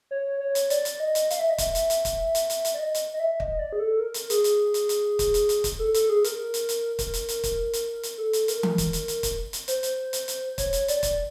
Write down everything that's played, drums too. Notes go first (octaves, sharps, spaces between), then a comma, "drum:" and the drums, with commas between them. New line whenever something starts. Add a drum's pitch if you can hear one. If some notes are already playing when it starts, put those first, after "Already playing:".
C#5
C#5
drum: hi-hat
D5, drum: hi-hat
drum: hi-hat
D#5
drum: hi-hat
F5, drum: hi-hat
E5
D#5
E5, drum: kick, hi-hat
drum: hi-hat
drum: hi-hat
drum: kick, hi-hat
drum: hi-hat
drum: hi-hat
drum: hi-hat
D5
D#5
drum: hi-hat
D#5
E5
D#5, drum: kick
D5
G#4
A4
A#4
drum: hi-hat
G#4, drum: hi-hat
drum: hi-hat
drum: hi-hat
drum: hi-hat
drum: kick, hi-hat
drum: hi-hat
drum: hi-hat
drum: kick, hi-hat
A4
A4, drum: hi-hat
G#4
A#4, drum: hi-hat
drum: hi-hat
drum: hi-hat
A#4, drum: kick, hi-hat
drum: hi-hat
drum: hi-hat
drum: kick, hi-hat
drum: hi-hat
drum: hi-hat
A4
drum: hi-hat
A#4, drum: hi-hat
drum: tom E3
drum: kick, hi-hat
drum: hi-hat
drum: hi-hat
drum: kick, hi-hat
drum: hi-hat
C5, drum: hi-hat
drum: hi-hat
drum: hi-hat
drum: hi-hat
C#5, drum: kick, hi-hat
drum: hi-hat
D5, drum: hi-hat
drum: kick, hi-hat